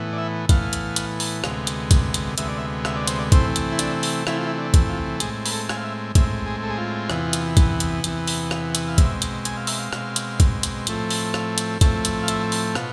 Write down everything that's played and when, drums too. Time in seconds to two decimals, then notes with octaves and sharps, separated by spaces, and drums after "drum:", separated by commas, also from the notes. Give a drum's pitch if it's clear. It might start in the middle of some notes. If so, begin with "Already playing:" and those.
Already playing: A2 E3 B3
0.13 D5
0.18 E5
0.49 A2 E3 B3 F5, drum: kick, hi-hat
0.73 drum: hi-hat
0.96 drum: hi-hat
1.20 drum: open hi-hat
1.44 D2 C3 G#3 B3, drum: rim click
1.67 drum: hi-hat
1.91 drum: kick, hi-hat
2.14 drum: hi-hat
2.38 D2 C3 G#3 B3 E5, drum: hi-hat
2.48 D5
2.58 E5
2.85 E5, drum: rim click
2.96 D5
3.07 C5, drum: hi-hat
3.19 D5
3.32 C3 E3 A3 C4 C5, drum: kick, hi-hat
3.56 drum: hi-hat
3.72 E4
3.79 D4, drum: hi-hat
4.03 drum: open hi-hat
4.27 C3 E3 A3 C4 E4, drum: rim click
4.37 F4
4.47 E4
4.58 D4
4.74 drum: kick, hi-hat
4.90 F4
5.20 A2 G#3 C4 G#4, drum: hi-hat
5.46 B4, drum: open hi-hat
5.52 A4
5.69 G#5, drum: rim click
5.77 F5
5.84 E5
6.15 A2 G#3 C4 E5, drum: kick, hi-hat
6.46 G#4
6.63 A4
6.70 G#4
6.78 F4
7.10 E2 C3 E3 B3, drum: rim click
7.33 drum: hi-hat
7.57 drum: kick, hi-hat
7.80 drum: hi-hat
8.04 E2 C3 E3 B3, drum: hi-hat
8.27 drum: open hi-hat
8.51 drum: rim click
8.75 drum: hi-hat
8.88 F5
8.98 B2 G#3 C4 E5, drum: kick, hi-hat
9.22 drum: hi-hat
9.45 G#5, drum: hi-hat
9.57 F5
9.67 E5, drum: open hi-hat
9.79 F5
9.93 B2 G#3 C4, drum: rim click
10.16 drum: hi-hat
10.40 drum: kick, hi-hat
10.63 drum: hi-hat
10.87 A2 F3 A3 C4, drum: hi-hat
11.10 drum: open hi-hat
11.34 drum: rim click
11.58 drum: hi-hat
11.81 A2 F3 A3 C4, drum: kick, hi-hat
12.05 drum: hi-hat
12.23 F5
12.28 E5, drum: hi-hat
12.52 drum: open hi-hat
12.75 B2 B3 F4, drum: rim click